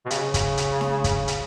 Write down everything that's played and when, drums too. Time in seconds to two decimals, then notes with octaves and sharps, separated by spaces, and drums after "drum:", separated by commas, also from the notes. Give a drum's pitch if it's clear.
0.05 B2
0.10 C#3, drum: hi-hat
0.34 drum: kick, hi-hat
0.57 drum: hi-hat
0.81 drum: snare D4
1.04 drum: kick, hi-hat
1.28 drum: hi-hat